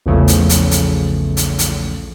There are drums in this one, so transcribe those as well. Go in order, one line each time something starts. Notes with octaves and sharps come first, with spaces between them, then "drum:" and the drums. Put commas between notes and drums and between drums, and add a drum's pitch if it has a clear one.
A#1 E2 C#3 F3 A3
drum: hi-hat
drum: hi-hat
drum: hi-hat
drum: hi-hat
drum: hi-hat